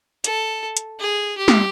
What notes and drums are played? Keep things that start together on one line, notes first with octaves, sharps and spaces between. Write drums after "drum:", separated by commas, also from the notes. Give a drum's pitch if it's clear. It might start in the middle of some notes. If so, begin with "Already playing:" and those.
A4, drum: hi-hat
drum: hi-hat
G#4
G4
drum: snare